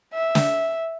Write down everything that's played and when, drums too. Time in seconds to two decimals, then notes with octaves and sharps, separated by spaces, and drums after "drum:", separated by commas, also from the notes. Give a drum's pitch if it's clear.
0.14 E5
0.35 drum: snare